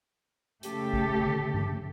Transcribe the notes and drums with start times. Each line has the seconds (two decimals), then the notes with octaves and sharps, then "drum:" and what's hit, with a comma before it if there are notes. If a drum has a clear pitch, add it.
0.63 C#3 A3 G4 A4, drum: hi-hat
0.93 drum: kick
1.24 drum: tom D3
1.54 drum: tom G2